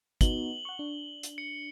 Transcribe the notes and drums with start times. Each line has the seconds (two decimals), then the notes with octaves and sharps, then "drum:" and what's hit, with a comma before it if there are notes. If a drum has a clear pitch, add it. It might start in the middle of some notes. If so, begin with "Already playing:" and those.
0.21 B3 D#4 F#4 F#7 G7, drum: kick, hi-hat
0.65 F#5 C#6
0.79 D4
1.23 drum: hi-hat
1.38 C#7